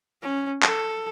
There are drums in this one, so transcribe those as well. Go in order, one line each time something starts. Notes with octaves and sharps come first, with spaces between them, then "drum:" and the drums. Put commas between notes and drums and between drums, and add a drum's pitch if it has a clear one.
C#4
A4, drum: clap